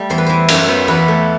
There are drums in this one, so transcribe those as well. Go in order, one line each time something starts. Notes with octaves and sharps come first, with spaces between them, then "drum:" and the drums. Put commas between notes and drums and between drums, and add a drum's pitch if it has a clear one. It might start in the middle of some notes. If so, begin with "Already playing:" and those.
Already playing: G3 A3 A4
E2 C5
B4
E3 C5
F#2, drum: cymbal
B3
E2 B4
A3